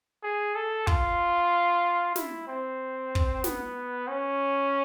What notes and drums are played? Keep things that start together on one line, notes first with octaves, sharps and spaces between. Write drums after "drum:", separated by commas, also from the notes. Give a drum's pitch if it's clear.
G#4
A4
F4, drum: kick
E4, drum: snare
C4
drum: kick
B3, drum: snare
C#4